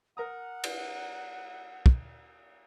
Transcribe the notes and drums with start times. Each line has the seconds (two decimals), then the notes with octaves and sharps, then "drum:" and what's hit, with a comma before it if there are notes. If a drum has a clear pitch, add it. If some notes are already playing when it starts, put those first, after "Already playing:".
0.17 A#4 F#5 A#5 D#6
0.64 drum: cymbal
1.86 drum: kick